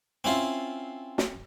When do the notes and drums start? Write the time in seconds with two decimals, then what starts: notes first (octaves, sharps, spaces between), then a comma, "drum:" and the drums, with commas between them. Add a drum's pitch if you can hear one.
0.24 C4 C#4 E4 F4
1.18 drum: snare